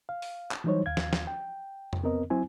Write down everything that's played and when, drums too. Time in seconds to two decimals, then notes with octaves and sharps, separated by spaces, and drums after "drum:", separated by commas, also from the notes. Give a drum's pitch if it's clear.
0.09 F5
0.22 drum: open hi-hat
0.52 drum: clap
0.64 E3 F#3 G3 D#4 C5 C#5
0.86 D#2 F5 G#6
0.97 drum: snare
1.13 drum: snare
1.27 G5
1.93 drum: tom F2
2.03 B3 C4 A#4 D#5
2.30 F#3 C4 E4 G#5